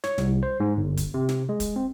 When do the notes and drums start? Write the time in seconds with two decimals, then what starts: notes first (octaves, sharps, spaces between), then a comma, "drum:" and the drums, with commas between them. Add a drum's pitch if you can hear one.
0.04 C#5, drum: snare
0.18 C2, drum: snare
0.43 C5
0.60 G#2
0.77 G1
0.97 drum: kick, hi-hat
1.14 C3
1.29 drum: snare
1.49 G#3
1.60 drum: kick, hi-hat
1.76 C4